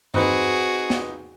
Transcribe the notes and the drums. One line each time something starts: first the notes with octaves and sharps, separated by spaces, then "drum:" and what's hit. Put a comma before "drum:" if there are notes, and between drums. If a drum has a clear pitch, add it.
C4 D#4 F#4 G#4 B4, drum: tom G2
drum: snare